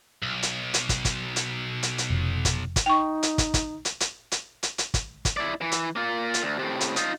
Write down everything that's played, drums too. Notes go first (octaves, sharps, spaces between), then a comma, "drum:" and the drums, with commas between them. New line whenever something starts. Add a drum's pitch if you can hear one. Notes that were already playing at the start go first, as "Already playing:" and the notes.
B1
drum: hi-hat
drum: hi-hat
drum: kick, hi-hat
drum: kick, hi-hat
drum: hi-hat
drum: hi-hat
drum: hi-hat
F1
drum: kick, hi-hat
drum: kick, hi-hat
D#4 G5 C#6
drum: hi-hat
drum: kick, hi-hat
drum: kick, hi-hat
drum: hi-hat
drum: hi-hat
drum: hi-hat
drum: hi-hat
drum: hi-hat
drum: kick, hi-hat
drum: kick, hi-hat
E4 D5
E3
drum: hi-hat
A#3 F4
drum: hi-hat
D2
A2 C3
drum: hi-hat
D#4 F4, drum: hi-hat